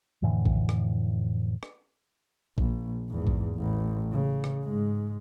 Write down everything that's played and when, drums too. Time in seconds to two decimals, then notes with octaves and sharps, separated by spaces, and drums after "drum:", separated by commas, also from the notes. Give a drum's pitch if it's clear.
0.22 F2 A2 D3 E3
0.45 drum: kick A#1
0.69 drum: rim click
1.63 drum: rim click
2.58 A#1, drum: kick A#1
3.09 G#1 E2
3.27 drum: kick A#1
3.56 A1
4.11 C#3
4.44 drum: rim click
4.64 G#2 G#3